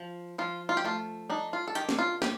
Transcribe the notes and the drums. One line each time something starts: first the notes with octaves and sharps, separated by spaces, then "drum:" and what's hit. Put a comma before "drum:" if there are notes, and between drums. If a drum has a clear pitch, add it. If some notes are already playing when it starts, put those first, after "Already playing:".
Already playing: F3
F3 F4
F4
G4
A3 F4
D4 D#4
F4
A4
D#3 G4, drum: hi-hat
drum: snare
F4
C4 G4, drum: snare